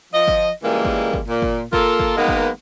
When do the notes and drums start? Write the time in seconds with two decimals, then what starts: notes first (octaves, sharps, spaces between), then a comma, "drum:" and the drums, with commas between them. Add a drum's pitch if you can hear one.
0.13 F3 D#5
0.28 drum: kick G1
0.63 A#2 C#3 E3 G3 G#3 A#3
0.85 drum: kick G1
1.14 drum: kick G1
1.28 A#2
1.42 drum: kick G1
1.73 A#3 F4 A4, drum: kick G1
2.00 drum: kick G1
2.17 D#3 F#3 G#3 A#3 B3
2.28 drum: kick G1